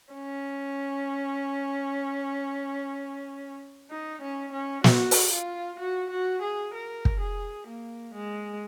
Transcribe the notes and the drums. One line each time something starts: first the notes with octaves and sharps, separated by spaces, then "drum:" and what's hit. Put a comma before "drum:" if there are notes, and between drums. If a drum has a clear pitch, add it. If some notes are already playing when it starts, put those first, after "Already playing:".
C#4
D#4
C#4
C#4
F#4, drum: snare
drum: open hi-hat
F4
F#4
F#4
G#4
A#4
drum: kick
G#4
A#3
G#3